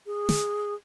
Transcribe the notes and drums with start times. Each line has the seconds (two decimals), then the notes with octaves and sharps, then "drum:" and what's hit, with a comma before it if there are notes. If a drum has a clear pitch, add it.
0.06 G#4
0.29 drum: snare